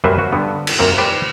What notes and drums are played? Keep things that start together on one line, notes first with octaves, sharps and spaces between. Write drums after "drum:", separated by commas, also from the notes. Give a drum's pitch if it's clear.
F#2 G3 A#3 B4 C5 E5
F#4
G2 D3 B3
drum: cymbal
F#2 A#3 C4
G4 B4 C5 D5 G5